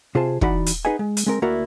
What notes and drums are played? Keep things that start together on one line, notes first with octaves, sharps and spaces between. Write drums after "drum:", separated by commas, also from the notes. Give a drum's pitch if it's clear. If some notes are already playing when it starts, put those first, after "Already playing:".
C3 F4 G#4 C5 A5
E3 D#4 F#4 D5 F#5 B5, drum: kick
drum: hi-hat
D#4 G#4 B4 D#5 F#5 G#5
G#3
drum: hi-hat
G#3 C4 A#4
D2 A#3 E4 F#4 A#4 D5